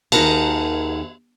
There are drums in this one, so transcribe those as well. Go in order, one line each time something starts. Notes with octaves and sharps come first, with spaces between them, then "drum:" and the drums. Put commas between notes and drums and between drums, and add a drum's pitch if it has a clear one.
D#2 D#4 G#4 A#4 F#5 A5, drum: cymbal